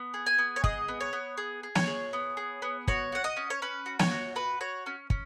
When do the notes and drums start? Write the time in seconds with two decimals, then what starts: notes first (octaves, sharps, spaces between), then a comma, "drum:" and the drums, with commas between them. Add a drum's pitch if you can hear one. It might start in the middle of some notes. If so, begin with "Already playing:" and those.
Already playing: B3
0.14 G#4
0.26 G#5
0.38 B3
0.56 C#5
0.64 G#4 D#5, drum: kick
0.88 B3
1.00 C#5
1.13 B3
1.37 G#4
1.63 G#4
1.75 C#5, drum: snare
1.87 G#4
2.13 B3
2.37 G#4
2.62 B3
2.88 F#4 C#5, drum: kick
3.12 F#4 F#5
3.24 D#5
3.37 C#4
3.50 C#5
3.62 C#4 B4
3.86 F#4
3.99 C#5, drum: snare
4.11 F#4
4.35 F#4 B4
4.61 F#4 C#5
4.86 C#4
5.10 C#4, drum: kick